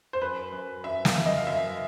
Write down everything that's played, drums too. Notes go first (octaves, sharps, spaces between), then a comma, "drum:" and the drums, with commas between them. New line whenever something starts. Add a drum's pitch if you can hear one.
C5
F#2 B4
F#2
F#2 E5
F5, drum: snare
F#2
D#5
F5
F#2 E5